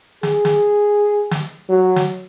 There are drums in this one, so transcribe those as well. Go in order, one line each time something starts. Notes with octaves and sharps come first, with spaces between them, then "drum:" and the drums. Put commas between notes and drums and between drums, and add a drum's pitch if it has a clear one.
G#4, drum: snare
drum: snare
drum: snare
F#3
drum: snare